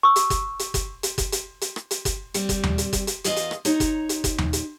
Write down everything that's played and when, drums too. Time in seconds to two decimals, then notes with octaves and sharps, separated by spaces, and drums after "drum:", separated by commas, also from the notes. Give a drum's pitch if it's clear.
0.03 C#6 E6
0.16 drum: hi-hat
0.30 drum: kick F#1, hi-hat
0.59 drum: hi-hat
0.74 drum: kick F#1, hi-hat
1.03 drum: hi-hat
1.18 drum: kick F#1, hi-hat
1.32 drum: hi-hat
1.61 drum: hi-hat
1.76 drum: rim click
1.91 drum: hi-hat
2.05 drum: kick F#1, hi-hat
2.34 G3 C4, drum: hi-hat
2.49 drum: kick F#1, hi-hat
2.63 drum: tom D#2
2.78 drum: hi-hat
2.93 drum: kick F#1, hi-hat
3.07 drum: hi-hat
3.24 E2 F4 G#4 D#5 F5, drum: hi-hat
3.36 drum: hi-hat
3.51 drum: rim click
3.65 D#4 C#5 A#5, drum: hi-hat
3.80 drum: kick F#1, hi-hat
4.09 drum: hi-hat
4.24 drum: kick F#1, hi-hat
4.38 drum: tom D#2
4.53 drum: hi-hat